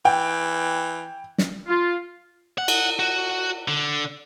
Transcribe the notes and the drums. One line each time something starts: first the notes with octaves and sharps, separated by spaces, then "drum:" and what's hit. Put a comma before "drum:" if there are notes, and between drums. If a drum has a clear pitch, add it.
E3 G5
drum: snare
F4
F#5
drum: cymbal
F#4
D3